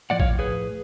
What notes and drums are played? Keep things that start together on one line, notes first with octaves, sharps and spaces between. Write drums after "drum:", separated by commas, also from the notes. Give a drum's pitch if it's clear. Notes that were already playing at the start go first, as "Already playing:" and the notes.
A2 F3 D5 F#5
C#5 F5, drum: kick A#1
G#4 B4